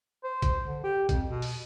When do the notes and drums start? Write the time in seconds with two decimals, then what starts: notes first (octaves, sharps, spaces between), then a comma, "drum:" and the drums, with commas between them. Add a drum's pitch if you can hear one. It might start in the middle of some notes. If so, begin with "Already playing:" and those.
0.24 C5
0.42 drum: kick, hi-hat
0.66 D3
0.84 G4
1.09 F2, drum: kick, hi-hat
1.29 B2
1.42 drum: open hi-hat